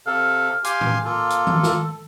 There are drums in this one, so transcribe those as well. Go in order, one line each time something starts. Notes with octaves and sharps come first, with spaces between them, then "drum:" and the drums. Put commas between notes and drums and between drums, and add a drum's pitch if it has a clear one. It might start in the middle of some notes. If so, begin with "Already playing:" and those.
C3 A4 F5
G4 F5 G#5 C6, drum: hi-hat
drum: tom
A#3 F4 A4
drum: hi-hat
drum: tom D#3
drum: snare